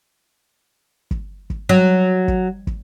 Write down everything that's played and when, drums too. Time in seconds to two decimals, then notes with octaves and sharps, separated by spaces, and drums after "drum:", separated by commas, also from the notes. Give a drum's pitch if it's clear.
1.11 drum: kick
1.50 drum: kick
1.69 F#3
2.28 drum: kick
2.67 drum: kick